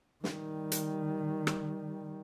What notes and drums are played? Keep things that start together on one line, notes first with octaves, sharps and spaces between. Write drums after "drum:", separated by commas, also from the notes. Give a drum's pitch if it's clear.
D#3 G3, drum: snare
drum: hi-hat
drum: rim click